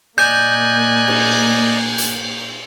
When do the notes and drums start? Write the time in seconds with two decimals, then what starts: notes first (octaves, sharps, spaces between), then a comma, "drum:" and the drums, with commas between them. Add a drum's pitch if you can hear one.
0.18 A#2 A#3 D5 D#5 G#5 F#6 G6
1.07 drum: cymbal
1.98 drum: hi-hat